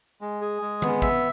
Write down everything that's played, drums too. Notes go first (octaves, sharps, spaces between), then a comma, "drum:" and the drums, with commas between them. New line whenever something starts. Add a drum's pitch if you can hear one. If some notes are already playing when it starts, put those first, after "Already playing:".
G#3
G#4
G#3
B3, drum: tom D#3
E5, drum: kick